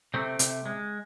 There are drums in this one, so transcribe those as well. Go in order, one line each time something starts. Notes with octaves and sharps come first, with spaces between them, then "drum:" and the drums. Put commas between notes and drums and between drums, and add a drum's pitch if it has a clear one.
C3 A3 C4
C3, drum: hi-hat
G#3